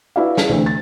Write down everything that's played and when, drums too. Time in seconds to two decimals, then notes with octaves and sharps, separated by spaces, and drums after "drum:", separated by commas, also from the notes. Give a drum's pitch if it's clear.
0.16 E4 F#4 B4 D5 F5
0.37 G#4, drum: snare
0.49 D2 C3 E3 A3 C4
0.66 A6